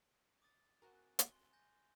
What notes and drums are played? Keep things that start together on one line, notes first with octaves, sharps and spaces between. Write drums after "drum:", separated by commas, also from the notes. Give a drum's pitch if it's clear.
D6 D#6 A6
C4 F#4 A#4 G#5 C#6 F#6
drum: hi-hat
C6 G7
G#5 G6 A#6